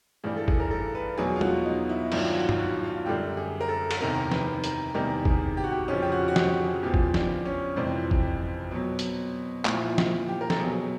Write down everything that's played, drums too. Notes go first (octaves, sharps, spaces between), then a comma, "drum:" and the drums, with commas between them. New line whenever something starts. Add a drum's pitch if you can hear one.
G2 E3 G3 G#4
A4
G#4, drum: kick G1
A#4
A4
B4
E2 B2 F#3 G#4
F4
F#4, drum: tom
D#4
E4
G2 D#3 F#3 F4, drum: cymbal
F4
F#4
drum: tom G2
F#4
F4
F#2 D3 G3 G4
G#4
A#4
A4
A4, drum: cymbal
E2 C3 D#3 A#4
B4, drum: snare
A#4, drum: hi-hat
E2 C3 D#3 G3 A#4
G#4, drum: kick G1
G4
F#4
G4
F2 C#3 F3 C#4
G4
F#4
F#4
G4, drum: snare
G#4
E2 C#3 F3 G4
drum: kick G1
D4, drum: snare
C#4
F2 C3 E3 G3 C4
drum: kick G1
B2 F#3
drum: hi-hat
A#2 F3 E4, drum: clap
drum: snare
G4
A#4
A4, drum: snare
B2 F#3 G#4